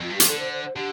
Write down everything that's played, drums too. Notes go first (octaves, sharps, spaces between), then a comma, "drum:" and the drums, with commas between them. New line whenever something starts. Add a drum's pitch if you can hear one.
F2 F4
G2
G4
F3, drum: hi-hat
D3 A4
C5
C5
C5
D3 G4